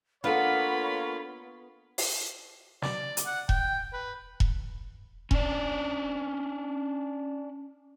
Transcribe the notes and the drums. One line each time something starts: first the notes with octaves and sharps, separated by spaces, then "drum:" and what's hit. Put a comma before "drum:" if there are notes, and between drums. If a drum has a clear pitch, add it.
A#3 B3 D4 F4 A4 C#5 B5
drum: open hi-hat
D5, drum: snare
drum: hi-hat
F#5
G5, drum: kick E1
B4
drum: kick E1
C#4 D4 D5, drum: kick E1